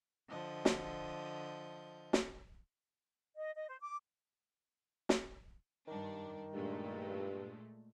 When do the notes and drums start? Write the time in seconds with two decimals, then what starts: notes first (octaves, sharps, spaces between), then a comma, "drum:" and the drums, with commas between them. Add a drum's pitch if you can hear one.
0.28 D3 F3 D#5 G6
0.65 drum: snare
2.13 drum: snare
3.37 D#5
3.56 D#5
3.69 C5
3.80 D6
5.09 drum: snare
5.88 G2 D#3 D4
6.53 G2 A#2 G#3 A3